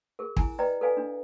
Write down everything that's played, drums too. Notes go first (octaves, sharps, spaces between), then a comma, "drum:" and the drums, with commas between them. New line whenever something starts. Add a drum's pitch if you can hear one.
G#4 A#4
E4 G#5, drum: kick
B4 D5 D#5 G5 A#5
A4 B4 D5 F5 G#5
D4